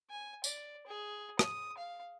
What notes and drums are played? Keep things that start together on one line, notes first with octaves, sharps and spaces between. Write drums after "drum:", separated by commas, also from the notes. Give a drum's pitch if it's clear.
G#5
D5, drum: tambourine
G#4
D#6, drum: rim click
F5